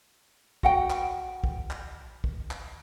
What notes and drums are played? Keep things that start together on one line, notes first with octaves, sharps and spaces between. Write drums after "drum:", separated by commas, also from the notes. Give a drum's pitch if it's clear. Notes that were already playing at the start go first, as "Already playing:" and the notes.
F#4 F#5 G5, drum: kick
drum: clap
drum: kick
drum: clap
drum: kick
drum: clap